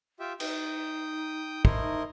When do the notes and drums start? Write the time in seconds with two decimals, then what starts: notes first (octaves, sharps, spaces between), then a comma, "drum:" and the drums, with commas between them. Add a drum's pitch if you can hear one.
0.20 F4 G4 E5
0.40 D#4 G5 D#6, drum: cymbal
1.65 A3 E4 A#4 C5 D#5, drum: kick
1.82 D#4